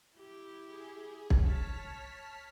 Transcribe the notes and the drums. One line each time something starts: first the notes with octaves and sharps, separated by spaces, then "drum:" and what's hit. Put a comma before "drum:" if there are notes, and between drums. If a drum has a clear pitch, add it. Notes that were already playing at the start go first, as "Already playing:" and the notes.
E4 G4
G#4
drum: kick
C#5 A5 F6 B6